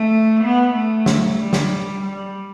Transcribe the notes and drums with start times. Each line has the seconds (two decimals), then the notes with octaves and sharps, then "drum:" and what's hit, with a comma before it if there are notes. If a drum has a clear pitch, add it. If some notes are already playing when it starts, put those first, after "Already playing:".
Already playing: A3
0.43 B3
0.75 A3
1.06 drum: snare
1.38 G3
1.53 drum: snare
2.01 G3